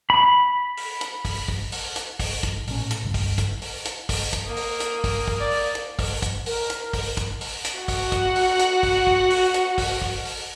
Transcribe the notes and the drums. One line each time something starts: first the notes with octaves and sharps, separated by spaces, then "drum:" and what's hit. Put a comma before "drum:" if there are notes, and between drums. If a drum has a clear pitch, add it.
B5
drum: open hi-hat
drum: hi-hat
drum: kick, open hi-hat
drum: kick
drum: open hi-hat
drum: hi-hat
drum: kick, open hi-hat
drum: kick, hi-hat
A1 A#2 C#4, drum: open hi-hat
drum: hi-hat
G#1 C#2 G2
drum: kick, open hi-hat
drum: kick, hi-hat
drum: open hi-hat
drum: hi-hat
drum: kick, open hi-hat
drum: kick, hi-hat
A#3 D#6
drum: open hi-hat
drum: hi-hat
drum: kick, open hi-hat
drum: kick
D5
drum: open hi-hat
drum: hi-hat
drum: kick, open hi-hat
drum: kick, hi-hat
A#4, drum: open hi-hat
drum: hi-hat
drum: kick, open hi-hat
drum: kick, hi-hat
drum: open hi-hat
drum: hi-hat
F#4 F#5
drum: kick, open hi-hat
drum: kick, hi-hat
drum: open hi-hat
drum: hi-hat
drum: kick, open hi-hat
drum: kick
drum: open hi-hat
drum: hi-hat
drum: kick, open hi-hat
drum: kick
drum: open hi-hat